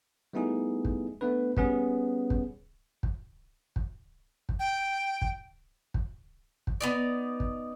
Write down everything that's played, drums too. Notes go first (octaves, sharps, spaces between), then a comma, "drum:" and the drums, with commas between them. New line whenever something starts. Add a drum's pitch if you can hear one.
G3 A3 B3 D#4 E4 G#4
drum: kick
A3 B3 D4 B4
G3 B3 C#4 G#4, drum: kick
drum: kick
drum: kick
drum: kick
drum: kick
G5
drum: kick
drum: kick
drum: kick
B3 D#4 D5
drum: kick